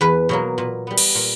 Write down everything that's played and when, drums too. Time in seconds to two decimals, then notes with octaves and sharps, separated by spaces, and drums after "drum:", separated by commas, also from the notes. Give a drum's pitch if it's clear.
0.01 E2 B4
0.29 B2 F#3 A#3
0.58 A#2
0.87 G3 B3
0.98 drum: cymbal
1.15 A#2